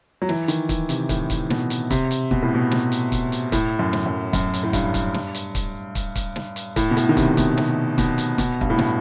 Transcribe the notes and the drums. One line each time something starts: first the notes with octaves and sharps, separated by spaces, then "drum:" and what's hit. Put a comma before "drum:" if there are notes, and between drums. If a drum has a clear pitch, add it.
F#3
E3, drum: snare
D#3, drum: hi-hat
E3, drum: kick, hi-hat
C3, drum: hi-hat
A2, drum: kick, hi-hat
drum: kick, hi-hat
B2, drum: snare
drum: hi-hat
C3, drum: kick, hi-hat
drum: hi-hat
B2, drum: kick
A2
B2
drum: snare
drum: hi-hat
drum: kick, hi-hat
drum: hi-hat
A2, drum: kick, hi-hat
F#2
drum: snare
F#2
F#2, drum: kick, hi-hat
drum: hi-hat
A2
G2, drum: kick, hi-hat
drum: kick, hi-hat
drum: snare
drum: hi-hat
drum: kick, hi-hat
drum: kick, hi-hat
drum: kick, hi-hat
drum: snare
drum: hi-hat
A2, drum: kick, hi-hat
B2
A2, drum: hi-hat
D#3
C3, drum: kick, hi-hat
B2, drum: kick, hi-hat
C3, drum: snare
B2, drum: kick, hi-hat
drum: hi-hat
B2, drum: kick, hi-hat
G2, drum: kick
A2
B2, drum: snare